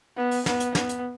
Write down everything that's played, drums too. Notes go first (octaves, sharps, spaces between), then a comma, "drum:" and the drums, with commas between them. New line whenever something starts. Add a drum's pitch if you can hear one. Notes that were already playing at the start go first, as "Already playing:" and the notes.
B3
drum: open hi-hat
B3, drum: snare
drum: hi-hat
B3, drum: snare
drum: hi-hat